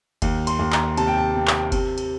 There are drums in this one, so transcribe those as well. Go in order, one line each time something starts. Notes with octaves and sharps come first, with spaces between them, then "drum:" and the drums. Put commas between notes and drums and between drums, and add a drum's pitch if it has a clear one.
D#2, drum: kick F#1, cymbal
C6, drum: cymbal
D#2
A#5, drum: clap
C3 A5, drum: cymbal
G5
A5
C3
drum: clap
C3, drum: kick F#1, cymbal
drum: cymbal